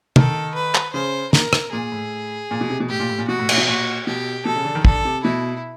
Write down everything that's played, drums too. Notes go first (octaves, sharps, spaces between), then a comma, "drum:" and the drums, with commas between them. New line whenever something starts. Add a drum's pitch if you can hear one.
D#3 A4, drum: tom
B4
drum: clap
C#3 C5
A#4, drum: snare
drum: rim click
A#2 G#4
A2
A#2
B2
C3
B2
A2 G4
A#2
A2
A#2
B2 F#4
A2
A#2, drum: cymbal
B2
A#2 F#4
B2 G4
B2 A4
C#3
D3
D#3
D3 A4, drum: kick
C3
B2 E4